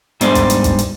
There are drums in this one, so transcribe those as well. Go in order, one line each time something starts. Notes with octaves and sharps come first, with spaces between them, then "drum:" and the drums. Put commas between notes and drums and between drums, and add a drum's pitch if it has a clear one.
G#2 G3 B3 D4 C5 D5, drum: hi-hat
drum: kick, hi-hat
drum: hi-hat
drum: kick, hi-hat
drum: hi-hat